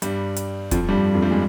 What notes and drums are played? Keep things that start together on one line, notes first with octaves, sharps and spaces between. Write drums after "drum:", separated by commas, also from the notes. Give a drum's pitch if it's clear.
G2 G3, drum: hi-hat
drum: hi-hat
F2 F3, drum: kick, hi-hat
G2 G3
F2 F3
G2 G3
G#3